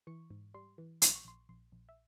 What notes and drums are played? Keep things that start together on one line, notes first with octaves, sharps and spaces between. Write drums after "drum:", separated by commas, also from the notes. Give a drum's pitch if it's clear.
E3 C#6
G#2
G3 C6
E3
A#1 C6, drum: hi-hat
C#6
A#1 C6
A#1 C6
A#1
E5